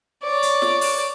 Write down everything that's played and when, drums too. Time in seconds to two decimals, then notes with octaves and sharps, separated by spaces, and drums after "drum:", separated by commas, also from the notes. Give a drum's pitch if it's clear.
0.23 C#5 D5
0.43 drum: hi-hat
0.62 drum: snare
0.81 drum: open hi-hat